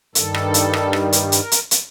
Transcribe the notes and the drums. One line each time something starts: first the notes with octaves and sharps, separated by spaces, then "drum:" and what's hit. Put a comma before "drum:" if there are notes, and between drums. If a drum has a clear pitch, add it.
G2 D#3 G3 A4, drum: hi-hat
drum: rim click
drum: hi-hat
drum: rim click
drum: rim click
drum: hi-hat
A#4, drum: hi-hat
drum: hi-hat
drum: hi-hat